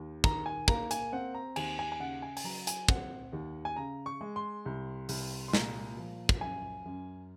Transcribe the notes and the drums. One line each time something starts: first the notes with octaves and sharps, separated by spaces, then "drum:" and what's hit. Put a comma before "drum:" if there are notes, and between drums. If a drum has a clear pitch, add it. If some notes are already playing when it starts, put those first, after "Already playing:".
Already playing: D#2
D#3 A#5, drum: kick
G#5
A#3 A#5, drum: kick
G#5, drum: hi-hat
C4 F#5
A#5
D#2 G#5, drum: cymbal
G#5
G#5
C#3 F#5
G#5
G#5, drum: open hi-hat
F#3 A#5
G#5, drum: hi-hat
C4 F#5, drum: kick
D#2
G#5
C#3 A#5
C#6
G#3
C6
C2
C2, drum: open hi-hat
C6
A#2 A#5, drum: snare
F3
drum: kick
F#2 G#5
F#2